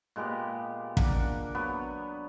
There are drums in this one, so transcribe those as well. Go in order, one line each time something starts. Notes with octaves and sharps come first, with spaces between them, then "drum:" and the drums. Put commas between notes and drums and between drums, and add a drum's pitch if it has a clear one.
A#2 G#3 B3 G4
A#3 D4 A#4 F#5, drum: kick
F#3 B3